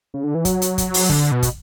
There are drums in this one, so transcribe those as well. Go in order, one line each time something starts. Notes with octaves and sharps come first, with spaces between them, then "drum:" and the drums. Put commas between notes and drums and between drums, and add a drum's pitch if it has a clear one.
C#3
D3
E3
F#3, drum: kick, hi-hat
drum: hi-hat
drum: kick, hi-hat
drum: open hi-hat
D3, drum: snare
B2
drum: kick, hi-hat